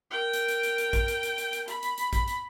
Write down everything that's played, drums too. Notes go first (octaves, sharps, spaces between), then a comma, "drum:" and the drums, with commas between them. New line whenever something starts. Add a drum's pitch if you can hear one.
A#4 G5
drum: hi-hat
drum: hi-hat
drum: hi-hat
drum: hi-hat
drum: kick, hi-hat
drum: hi-hat
drum: hi-hat
drum: hi-hat
drum: hi-hat
B5, drum: hi-hat
drum: hi-hat
drum: hi-hat
drum: kick, hi-hat
drum: hi-hat